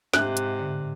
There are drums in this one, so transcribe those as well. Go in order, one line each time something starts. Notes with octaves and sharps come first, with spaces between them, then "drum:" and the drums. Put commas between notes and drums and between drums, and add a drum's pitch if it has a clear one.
G#2 C3 E5 F#6, drum: snare
drum: hi-hat
A2 D3